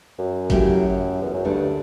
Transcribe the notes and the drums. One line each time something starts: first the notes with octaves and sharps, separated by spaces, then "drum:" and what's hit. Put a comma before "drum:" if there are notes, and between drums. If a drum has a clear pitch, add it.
F#2
C#3 F#3 A3 E4 G4, drum: kick G#1, hi-hat
E2
F#2
D2 G2 D3 A3